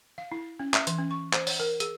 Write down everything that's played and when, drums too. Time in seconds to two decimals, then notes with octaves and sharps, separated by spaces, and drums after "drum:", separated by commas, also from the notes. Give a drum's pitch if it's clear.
0.18 F5
0.32 E4
0.59 C#4
0.74 E5, drum: clap
0.87 E3, drum: hi-hat
0.99 C#4
1.11 C#6
1.33 C5, drum: clap
1.47 C#5, drum: open hi-hat
1.60 A#4
1.80 G#4, drum: hi-hat